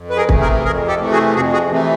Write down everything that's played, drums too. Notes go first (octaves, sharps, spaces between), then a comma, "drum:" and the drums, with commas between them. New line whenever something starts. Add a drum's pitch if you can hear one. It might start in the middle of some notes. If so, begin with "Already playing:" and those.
Already playing: F2
B4
G#4 A#4
C3 E3 A3, drum: kick
G#4 A#4
F2 G#4 A#4
G4 A4
C3 E3 A3
F#4 G#4
F2 F#4 G#4
F#4 G#4
C3 E3 A3